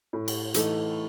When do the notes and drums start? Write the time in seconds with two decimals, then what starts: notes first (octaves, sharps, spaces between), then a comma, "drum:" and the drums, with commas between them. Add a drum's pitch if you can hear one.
0.13 A2
0.28 drum: cymbal
0.54 E3 A3 D#4, drum: hi-hat